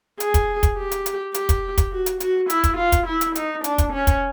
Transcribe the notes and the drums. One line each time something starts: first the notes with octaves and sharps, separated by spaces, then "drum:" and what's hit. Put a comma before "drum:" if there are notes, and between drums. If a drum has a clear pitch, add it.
G#4, drum: hi-hat
drum: kick, hi-hat
drum: kick, hi-hat
G4
drum: hi-hat
drum: hi-hat
G4, drum: hi-hat
drum: kick, hi-hat
drum: kick, hi-hat
F#4
drum: hi-hat
F#4, drum: hi-hat
E4, drum: hi-hat
drum: kick, hi-hat
F4
drum: kick, hi-hat
E4
drum: hi-hat
D#4, drum: hi-hat
D4, drum: hi-hat
drum: kick, hi-hat
C#4
drum: kick, hi-hat